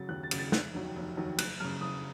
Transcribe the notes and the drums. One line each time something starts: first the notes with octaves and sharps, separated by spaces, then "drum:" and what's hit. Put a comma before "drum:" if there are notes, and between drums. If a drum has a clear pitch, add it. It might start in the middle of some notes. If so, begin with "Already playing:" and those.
Already playing: C#3 F#3 A6
D#2 F#6
A6
C#3 F#3, drum: cymbal
A6
F1 F#6, drum: snare
D#2 D#3 F#3
F1
D#2 D#3 F#3
F#1 F#6, drum: cymbal
F#2 C#3 F6
F#1 D#6